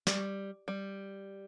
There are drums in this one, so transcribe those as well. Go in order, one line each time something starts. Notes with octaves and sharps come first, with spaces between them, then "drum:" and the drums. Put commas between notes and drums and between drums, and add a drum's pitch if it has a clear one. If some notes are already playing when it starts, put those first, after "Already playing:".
G3, drum: snare
G3